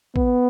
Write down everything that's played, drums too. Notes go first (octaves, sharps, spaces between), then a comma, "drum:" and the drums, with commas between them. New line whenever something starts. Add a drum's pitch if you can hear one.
B3, drum: kick